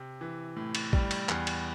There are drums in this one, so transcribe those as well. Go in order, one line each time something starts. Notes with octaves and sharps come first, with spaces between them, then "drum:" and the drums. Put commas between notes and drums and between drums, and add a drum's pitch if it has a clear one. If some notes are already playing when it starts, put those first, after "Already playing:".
Already playing: C3
E3
A2
drum: cymbal
G3, drum: kick A#1
drum: cymbal
E2, drum: clap
drum: cymbal